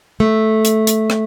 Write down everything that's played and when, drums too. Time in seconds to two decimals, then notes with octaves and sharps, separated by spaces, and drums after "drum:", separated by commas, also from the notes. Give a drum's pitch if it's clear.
0.20 A3
0.65 drum: hi-hat
0.87 drum: hi-hat
1.10 drum: rim click